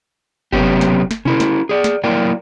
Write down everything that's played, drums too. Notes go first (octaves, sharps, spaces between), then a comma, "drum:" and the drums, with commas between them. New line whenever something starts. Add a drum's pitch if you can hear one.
C3 F#3 B3 C#4 G4, drum: kick G1
drum: snare
drum: snare
C#4 E4 A#4, drum: tom B2
drum: snare
G#4 D5
drum: snare
F#3 A#3 E4 A#4 D5 G5